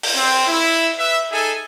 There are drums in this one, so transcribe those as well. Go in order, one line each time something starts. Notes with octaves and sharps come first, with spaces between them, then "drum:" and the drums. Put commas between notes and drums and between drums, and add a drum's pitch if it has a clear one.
drum: open hi-hat
C4
E4
B4 E5
D#4 G#4 A4 E5 G#5